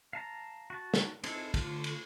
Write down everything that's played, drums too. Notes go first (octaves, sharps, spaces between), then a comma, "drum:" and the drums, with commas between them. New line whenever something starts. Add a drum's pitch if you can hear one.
F5 A5 A#5
F#4 A5
drum: snare
C4 D#4 E4 G#4 A4, drum: cymbal
D3 A3 F4, drum: kick, cymbal
drum: cymbal